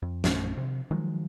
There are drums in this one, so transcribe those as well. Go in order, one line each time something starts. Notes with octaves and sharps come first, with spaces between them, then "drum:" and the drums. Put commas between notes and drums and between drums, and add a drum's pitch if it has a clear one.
F2
A#1 F#2 A3 C#4, drum: snare
C3
D#3 F3 F#3 G#3